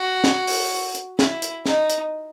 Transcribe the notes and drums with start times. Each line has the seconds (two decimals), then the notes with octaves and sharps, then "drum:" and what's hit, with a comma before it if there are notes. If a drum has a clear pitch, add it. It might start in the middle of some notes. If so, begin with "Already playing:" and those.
Already playing: F#4
0.24 drum: snare
0.47 drum: open hi-hat
0.95 drum: hi-hat
1.19 E4, drum: snare
1.42 drum: hi-hat
1.66 D#4, drum: snare
1.90 drum: hi-hat